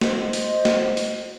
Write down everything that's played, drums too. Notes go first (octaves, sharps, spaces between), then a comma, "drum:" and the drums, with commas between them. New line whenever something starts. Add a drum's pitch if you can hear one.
C5 D#5, drum: snare
drum: open hi-hat
drum: snare
drum: open hi-hat